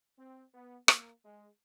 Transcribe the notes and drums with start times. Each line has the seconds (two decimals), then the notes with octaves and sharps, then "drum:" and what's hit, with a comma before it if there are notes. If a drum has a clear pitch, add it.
0.18 C4
0.53 B3
0.88 A#3, drum: rim click
1.24 G#3